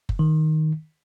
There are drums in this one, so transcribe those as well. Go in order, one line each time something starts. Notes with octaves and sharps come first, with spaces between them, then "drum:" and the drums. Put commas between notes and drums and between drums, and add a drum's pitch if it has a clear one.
drum: kick F#1
D#3